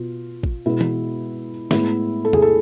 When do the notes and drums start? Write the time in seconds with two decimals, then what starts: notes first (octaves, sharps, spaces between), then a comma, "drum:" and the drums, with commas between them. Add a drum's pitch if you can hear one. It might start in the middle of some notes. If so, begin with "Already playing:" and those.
Already playing: B2 F4
0.43 drum: kick A1
0.66 B2 G#3 B3 E4
0.81 drum: tom
1.71 A2 G#3 B3 E4, drum: snare
2.25 A4
2.33 G#4, drum: tom
2.42 A4